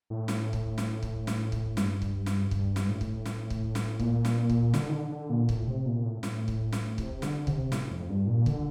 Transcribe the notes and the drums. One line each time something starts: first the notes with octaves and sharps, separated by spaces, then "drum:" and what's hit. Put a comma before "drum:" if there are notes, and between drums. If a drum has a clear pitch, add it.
A2
drum: snare
drum: kick
drum: snare
drum: kick
drum: snare
drum: kick
G2, drum: snare
drum: kick
drum: snare
G2, drum: kick
drum: snare
A2
drum: kick
drum: snare
drum: kick
drum: snare
A#2, drum: kick
drum: snare
drum: kick
D3, drum: snare
D#3
D3
D3
A#2
A2, drum: kick
C3
A#2
A2
A2, drum: snare
drum: kick
drum: snare
C3, drum: kick
D3, drum: snare
C3, drum: kick
A2, drum: snare
F2
G2
A#2
D3, drum: kick